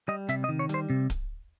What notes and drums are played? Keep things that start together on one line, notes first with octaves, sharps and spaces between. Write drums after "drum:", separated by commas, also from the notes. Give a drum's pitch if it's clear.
G3 D#5
C3 E5, drum: hi-hat
D#5
D#3
C#5
G3 C5, drum: hi-hat
C3
drum: kick D1, hi-hat